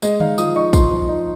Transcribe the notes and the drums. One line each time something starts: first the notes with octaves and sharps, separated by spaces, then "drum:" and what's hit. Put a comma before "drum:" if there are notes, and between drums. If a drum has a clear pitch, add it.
G#3 D#5, drum: tambourine
D#4 F5, drum: tom D3
F3 D#6, drum: tambourine
D#4 C#6
F3 C6, drum: kick, tambourine
F3
D#4